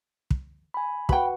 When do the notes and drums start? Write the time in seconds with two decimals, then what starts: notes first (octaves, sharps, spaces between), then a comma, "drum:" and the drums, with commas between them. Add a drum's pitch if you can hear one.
0.31 drum: kick
0.74 G#5 B5
1.09 F#4 B4 F#5 G5 B5, drum: kick